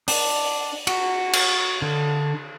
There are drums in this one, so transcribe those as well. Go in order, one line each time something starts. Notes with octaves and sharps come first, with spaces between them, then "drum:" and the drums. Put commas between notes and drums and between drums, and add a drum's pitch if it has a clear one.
D4, drum: open hi-hat
F#4, drum: cymbal
drum: cymbal
D3